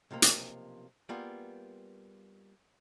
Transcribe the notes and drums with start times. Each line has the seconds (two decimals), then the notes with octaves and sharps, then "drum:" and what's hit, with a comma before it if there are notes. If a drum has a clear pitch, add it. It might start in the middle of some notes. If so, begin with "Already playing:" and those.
0.11 B1 C3 F3 A#3
0.22 drum: hi-hat
1.09 G3 A#3 B3 F4 G#4